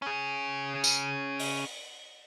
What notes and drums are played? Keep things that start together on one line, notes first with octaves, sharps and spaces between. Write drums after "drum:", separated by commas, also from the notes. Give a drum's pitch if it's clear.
C#4 G#4
drum: tambourine
drum: open hi-hat